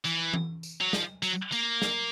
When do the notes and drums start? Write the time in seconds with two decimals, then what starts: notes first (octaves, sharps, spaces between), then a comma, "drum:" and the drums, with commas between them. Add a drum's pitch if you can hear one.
0.05 E3, drum: tambourine
0.34 drum: tom E3
0.63 drum: tambourine
0.81 F#3
0.93 F3, drum: snare
1.23 F#3, drum: tambourine
1.52 A#3, drum: tambourine
1.82 drum: snare